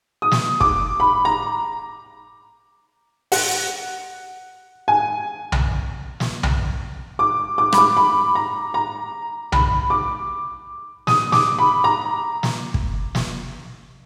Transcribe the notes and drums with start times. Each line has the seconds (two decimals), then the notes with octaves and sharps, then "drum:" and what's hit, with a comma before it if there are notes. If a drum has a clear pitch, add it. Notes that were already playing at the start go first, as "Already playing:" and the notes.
0.22 D#6
0.31 drum: snare
0.61 D6, drum: kick
1.00 B5
1.25 A#5
3.32 F#5, drum: open hi-hat
4.88 G#5
5.52 drum: tom B1
6.20 drum: snare
6.43 drum: tom B1
7.19 D6
7.58 D6
7.72 B5, drum: rim click
7.78 D6
7.97 B5
8.35 A#5
8.74 A#5
9.52 B5, drum: tom B1
9.90 D6
11.07 D#6, drum: snare
11.32 D6, drum: snare
11.59 B5
11.84 A#5
12.43 drum: snare
12.74 drum: kick
13.15 drum: snare